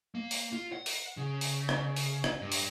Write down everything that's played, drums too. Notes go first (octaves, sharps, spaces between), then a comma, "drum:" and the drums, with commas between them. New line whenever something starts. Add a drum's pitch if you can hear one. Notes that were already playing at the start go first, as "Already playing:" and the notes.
A#3
drum: open hi-hat
F4
F#5
drum: open hi-hat
C#3
drum: open hi-hat
drum: rim click
drum: open hi-hat
drum: rim click
G2
drum: open hi-hat